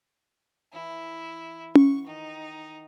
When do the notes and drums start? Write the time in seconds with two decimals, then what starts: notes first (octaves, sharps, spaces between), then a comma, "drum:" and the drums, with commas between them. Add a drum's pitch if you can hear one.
0.73 E3 E4
1.75 F#5 C#6, drum: tom C#4
2.07 D#3 D#4